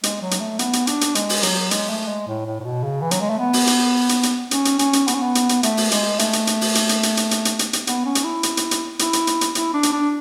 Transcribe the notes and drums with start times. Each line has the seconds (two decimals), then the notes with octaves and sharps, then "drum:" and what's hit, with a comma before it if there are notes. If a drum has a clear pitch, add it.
0.03 G#3, drum: hi-hat
0.22 F#3
0.31 drum: hi-hat
0.40 A3
0.59 B3, drum: hi-hat
0.73 drum: hi-hat
0.87 D4, drum: hi-hat
1.01 drum: hi-hat
1.15 G#3, drum: hi-hat
1.29 drum: open hi-hat
1.43 F#3, drum: hi-hat
1.71 G#3, drum: hi-hat
1.90 A3
2.08 G#3
2.27 A2
2.46 A2
2.60 A2
2.64 B2
2.83 C#3
3.02 E3
3.11 F#3, drum: hi-hat
3.21 G#3
3.30 A3
3.39 B3
3.53 drum: open hi-hat
3.67 drum: hi-hat
4.09 drum: hi-hat
4.23 drum: hi-hat
4.51 C#4, drum: hi-hat
4.65 drum: hi-hat
4.79 C#4, drum: hi-hat
4.93 drum: hi-hat
5.08 B3, drum: hi-hat
5.15 C#4
5.22 B3
5.35 drum: hi-hat
5.49 drum: hi-hat
5.63 A3, drum: hi-hat
5.77 drum: open hi-hat
5.91 G#3, drum: hi-hat
6.19 A3, drum: hi-hat
6.33 drum: hi-hat
6.47 drum: hi-hat
6.61 drum: open hi-hat
6.75 drum: hi-hat
6.89 drum: hi-hat
7.03 drum: hi-hat
7.17 drum: hi-hat
7.31 drum: hi-hat
7.45 drum: hi-hat
7.59 drum: hi-hat
7.73 drum: hi-hat
7.87 B3, drum: hi-hat
8.06 C#4
8.15 drum: hi-hat
8.24 E4
8.43 drum: hi-hat
8.57 drum: hi-hat
8.71 drum: hi-hat
8.99 E4, drum: hi-hat
9.13 drum: hi-hat
9.27 drum: hi-hat
9.41 drum: hi-hat
9.55 E4, drum: hi-hat
9.74 D4
9.83 drum: hi-hat
9.92 D4